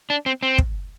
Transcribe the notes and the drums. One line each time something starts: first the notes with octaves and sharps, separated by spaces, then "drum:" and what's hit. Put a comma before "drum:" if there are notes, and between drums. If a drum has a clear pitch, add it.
D4
C4
C4
drum: kick